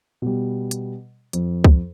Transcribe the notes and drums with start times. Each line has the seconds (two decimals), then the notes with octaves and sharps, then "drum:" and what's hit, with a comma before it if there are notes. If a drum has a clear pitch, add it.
0.22 B2 G3
0.71 drum: hi-hat
1.33 F2, drum: hi-hat
1.64 drum: kick C#2